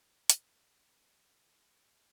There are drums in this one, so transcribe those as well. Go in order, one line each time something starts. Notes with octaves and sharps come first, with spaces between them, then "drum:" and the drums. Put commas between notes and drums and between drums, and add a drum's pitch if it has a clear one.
F3 A3 C4 E4 F#4, drum: hi-hat
B4
F#3 C#5